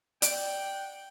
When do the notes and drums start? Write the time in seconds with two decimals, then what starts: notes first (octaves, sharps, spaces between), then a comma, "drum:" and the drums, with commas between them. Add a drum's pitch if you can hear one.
0.22 D5 F#5 G5, drum: hi-hat